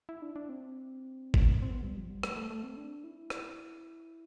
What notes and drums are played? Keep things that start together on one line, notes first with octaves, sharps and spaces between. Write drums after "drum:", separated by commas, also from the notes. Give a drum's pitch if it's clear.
E4
D4
D4
C4
drum: kick G#1
C4
B3
G3
F3
G3
A3, drum: rim click
A3
A3
C4
D4
E4
drum: rim click